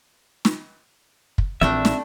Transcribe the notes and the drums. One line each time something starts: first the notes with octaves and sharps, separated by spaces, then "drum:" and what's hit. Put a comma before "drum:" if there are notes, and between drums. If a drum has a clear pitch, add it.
drum: snare
drum: kick
A#1 E3 F3 G3 A3 C4 D4 E5
drum: snare